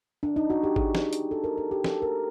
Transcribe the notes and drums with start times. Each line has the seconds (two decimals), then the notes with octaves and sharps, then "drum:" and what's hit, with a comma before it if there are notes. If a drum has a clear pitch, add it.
0.23 D4
0.36 D#4
0.50 F#4
0.63 G4
0.76 G#4, drum: kick G#1
0.95 drum: snare
1.13 drum: hi-hat
1.31 A4
1.44 A#4
1.58 A4
1.71 G4
1.84 A4, drum: snare
2.02 A#4